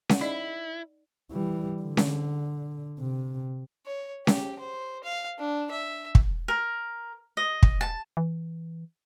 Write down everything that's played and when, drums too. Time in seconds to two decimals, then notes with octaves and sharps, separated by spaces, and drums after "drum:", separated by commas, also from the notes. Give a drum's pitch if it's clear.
0.09 F#5, drum: snare C#4
0.21 D#4 E4 D5 D#5
1.31 E3 G3
1.82 D3
1.97 drum: snare C#4
2.99 C3
3.86 C#5
4.27 G4, drum: snare C#4
4.60 C5
5.04 F5
5.39 D4
5.71 E5
6.15 drum: kick
6.48 A#4
7.37 D#5
7.63 drum: kick
7.81 A5
8.17 E3